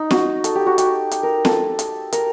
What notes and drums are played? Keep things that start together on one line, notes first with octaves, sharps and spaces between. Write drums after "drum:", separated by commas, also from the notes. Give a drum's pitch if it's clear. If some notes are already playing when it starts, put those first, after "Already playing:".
Already playing: D#4
F#4, drum: snare
A4, drum: hi-hat
G4
F#4
G4, drum: hi-hat
drum: hi-hat
A#4
A4, drum: snare
drum: hi-hat
A#4, drum: hi-hat